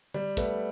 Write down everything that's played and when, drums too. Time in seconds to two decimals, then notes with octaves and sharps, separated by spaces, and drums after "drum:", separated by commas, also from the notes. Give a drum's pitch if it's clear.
0.14 G3, drum: tom D3
0.37 A3 B3, drum: kick, tambourine